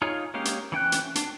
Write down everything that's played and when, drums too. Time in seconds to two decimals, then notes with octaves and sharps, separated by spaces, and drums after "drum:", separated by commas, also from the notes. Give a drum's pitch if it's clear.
0.02 D#4 F4 G#4 C#5 F5
0.34 G#3 A#3 C#4 G4 F5
0.45 drum: hi-hat
0.72 E3 C#4 G5 F#6
0.92 drum: hi-hat
1.15 D4, drum: hi-hat